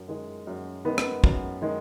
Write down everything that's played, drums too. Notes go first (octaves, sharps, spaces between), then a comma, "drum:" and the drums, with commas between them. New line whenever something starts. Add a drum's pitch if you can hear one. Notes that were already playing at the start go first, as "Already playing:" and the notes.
Already playing: F#2
D#3 G#3
F#2
D#3 G#3 B3
drum: rim click
F#2, drum: kick
D#3 G#3